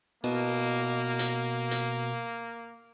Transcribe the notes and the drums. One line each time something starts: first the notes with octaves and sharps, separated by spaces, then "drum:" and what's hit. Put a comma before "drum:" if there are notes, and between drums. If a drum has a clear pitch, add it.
B2 A#3, drum: cymbal
drum: hi-hat
drum: hi-hat